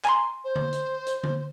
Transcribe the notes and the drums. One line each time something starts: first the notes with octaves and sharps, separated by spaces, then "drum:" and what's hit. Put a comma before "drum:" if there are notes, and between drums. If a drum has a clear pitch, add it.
G#5 A#5 C6, drum: clap
C5
drum: tom D3
drum: hi-hat
drum: hi-hat
drum: tom D3